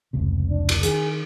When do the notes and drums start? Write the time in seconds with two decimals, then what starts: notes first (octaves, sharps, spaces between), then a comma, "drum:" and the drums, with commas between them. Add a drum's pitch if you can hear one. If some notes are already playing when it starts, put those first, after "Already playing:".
0.13 F1 C#2 C3
0.50 D4
0.69 drum: cymbal
0.83 D#3 G#4, drum: hi-hat